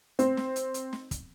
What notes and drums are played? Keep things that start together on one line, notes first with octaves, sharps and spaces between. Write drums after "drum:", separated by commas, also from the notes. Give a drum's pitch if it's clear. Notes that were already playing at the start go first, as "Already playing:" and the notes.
C4, drum: hi-hat
drum: snare
drum: hi-hat
drum: hi-hat
drum: snare
drum: kick, hi-hat